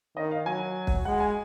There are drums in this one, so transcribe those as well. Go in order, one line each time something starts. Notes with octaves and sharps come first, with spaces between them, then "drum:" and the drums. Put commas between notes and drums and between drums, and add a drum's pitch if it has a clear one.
D#3 D#5
F5
F#3 G#5
drum: kick
G#3 F#5
G#5